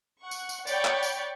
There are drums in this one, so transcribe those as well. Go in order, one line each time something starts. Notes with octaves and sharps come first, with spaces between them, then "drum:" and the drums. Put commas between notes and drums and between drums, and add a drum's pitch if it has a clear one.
F#5 C#6
drum: tambourine
drum: tambourine
C#5 D5 F#5 G5 B5 C#6, drum: tambourine
drum: clap
drum: tambourine